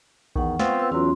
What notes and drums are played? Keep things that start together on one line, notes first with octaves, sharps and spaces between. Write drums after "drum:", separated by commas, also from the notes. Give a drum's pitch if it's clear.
E2 D#3 F#5 C#6, drum: kick A#1
B3 C4 F4, drum: snare
B4 E6
E2 F#3 C#4 F4 C6